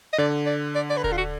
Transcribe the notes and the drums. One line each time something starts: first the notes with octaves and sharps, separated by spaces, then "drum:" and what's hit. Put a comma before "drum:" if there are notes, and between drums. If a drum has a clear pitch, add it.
D#5
D3 D5
D5
D5
D5
B4
A#4, drum: kick D#1
F4
F#4